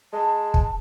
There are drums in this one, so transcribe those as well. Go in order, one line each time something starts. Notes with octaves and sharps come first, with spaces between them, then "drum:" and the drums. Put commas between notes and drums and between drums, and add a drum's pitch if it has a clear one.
G#3 A5
drum: kick